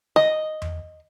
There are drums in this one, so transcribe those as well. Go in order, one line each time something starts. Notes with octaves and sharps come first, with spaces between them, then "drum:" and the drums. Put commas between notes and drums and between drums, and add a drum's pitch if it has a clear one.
D#5, drum: snare
drum: tom E2